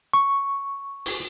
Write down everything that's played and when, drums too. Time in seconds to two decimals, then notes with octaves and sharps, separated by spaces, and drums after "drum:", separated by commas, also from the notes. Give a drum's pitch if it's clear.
0.13 C#6
1.06 drum: open hi-hat